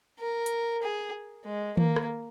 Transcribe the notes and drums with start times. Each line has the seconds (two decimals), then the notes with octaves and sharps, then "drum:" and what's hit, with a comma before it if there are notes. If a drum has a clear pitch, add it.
0.19 A#4
0.46 drum: hi-hat
0.82 G#4
1.45 G#3
1.77 A#3, drum: tom D#3
1.96 drum: rim click